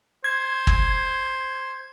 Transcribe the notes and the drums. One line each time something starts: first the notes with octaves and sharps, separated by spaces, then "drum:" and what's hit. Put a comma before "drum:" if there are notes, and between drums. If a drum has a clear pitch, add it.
C5 G#6
drum: kick